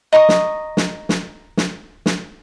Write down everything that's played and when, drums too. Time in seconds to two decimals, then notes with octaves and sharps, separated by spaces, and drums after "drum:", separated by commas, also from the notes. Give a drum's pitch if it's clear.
0.13 D#5 A#5 C#6 D#6
0.29 drum: snare
0.77 drum: snare
1.09 drum: snare
1.57 drum: snare
2.06 drum: snare